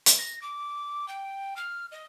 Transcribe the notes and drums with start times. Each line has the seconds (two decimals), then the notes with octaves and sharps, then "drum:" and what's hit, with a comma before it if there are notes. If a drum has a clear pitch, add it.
0.06 drum: hi-hat
0.19 A#6
0.42 D6
1.08 G5
1.56 F6
1.92 D#5